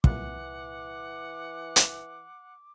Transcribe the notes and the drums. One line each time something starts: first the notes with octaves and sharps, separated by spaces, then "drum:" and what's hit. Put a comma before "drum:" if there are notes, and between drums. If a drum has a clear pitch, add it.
C2 A#2 E3 F#5 D6, drum: kick
drum: hi-hat